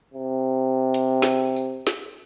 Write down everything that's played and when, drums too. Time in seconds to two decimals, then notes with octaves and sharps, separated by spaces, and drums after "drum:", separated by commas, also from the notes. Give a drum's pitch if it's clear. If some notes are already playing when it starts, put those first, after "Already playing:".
0.14 C3
0.94 drum: hi-hat
1.22 drum: snare
1.56 drum: tambourine
1.87 drum: snare